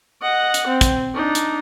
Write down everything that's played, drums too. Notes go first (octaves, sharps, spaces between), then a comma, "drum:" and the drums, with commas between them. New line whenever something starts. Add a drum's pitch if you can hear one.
D#5 F#5
drum: hi-hat
C4
drum: kick, hi-hat
D4 D#4
drum: hi-hat